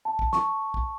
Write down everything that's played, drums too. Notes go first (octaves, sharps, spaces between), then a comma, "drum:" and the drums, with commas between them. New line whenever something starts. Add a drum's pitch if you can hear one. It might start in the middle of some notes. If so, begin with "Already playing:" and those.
A5
drum: kick
C#6, drum: snare
drum: kick